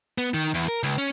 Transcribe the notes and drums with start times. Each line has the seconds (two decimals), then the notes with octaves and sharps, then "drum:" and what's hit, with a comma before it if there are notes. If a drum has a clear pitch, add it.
0.18 B3
0.34 D#3
0.54 E2, drum: tambourine
0.68 A#4
0.83 C#2, drum: tambourine
0.98 C#4